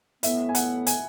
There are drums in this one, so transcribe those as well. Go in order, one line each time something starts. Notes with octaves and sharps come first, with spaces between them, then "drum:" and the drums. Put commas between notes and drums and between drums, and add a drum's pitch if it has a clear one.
A2 E3 B3 E5, drum: hi-hat
G#5
F#5, drum: hi-hat
G#5, drum: hi-hat